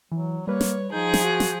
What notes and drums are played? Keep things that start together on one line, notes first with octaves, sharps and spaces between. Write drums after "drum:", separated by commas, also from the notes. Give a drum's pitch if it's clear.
E3 F#3
G3 A#3 B4 C#5
drum: snare
F3 D#4 G#4 G6
drum: snare
F#4
drum: snare